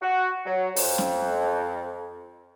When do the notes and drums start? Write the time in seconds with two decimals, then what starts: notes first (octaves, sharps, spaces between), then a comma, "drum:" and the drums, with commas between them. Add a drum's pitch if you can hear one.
0.02 F#4
0.45 F#3
0.76 F2, drum: open hi-hat
0.98 drum: snare C#4